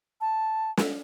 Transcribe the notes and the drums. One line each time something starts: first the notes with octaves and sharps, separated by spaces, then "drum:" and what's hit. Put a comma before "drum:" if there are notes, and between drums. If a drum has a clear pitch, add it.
A5
drum: snare